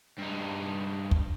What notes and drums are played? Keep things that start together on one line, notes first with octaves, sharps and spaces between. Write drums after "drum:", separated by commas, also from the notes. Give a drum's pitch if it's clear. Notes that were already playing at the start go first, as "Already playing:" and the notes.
G2 D#4
drum: kick